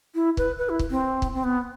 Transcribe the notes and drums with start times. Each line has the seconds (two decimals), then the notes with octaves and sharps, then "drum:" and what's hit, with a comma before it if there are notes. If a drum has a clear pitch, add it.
0.15 E4
0.37 B4, drum: kick
0.58 B4
0.69 E4
0.79 drum: kick
0.91 C4
1.22 drum: kick
1.34 C4
1.44 B3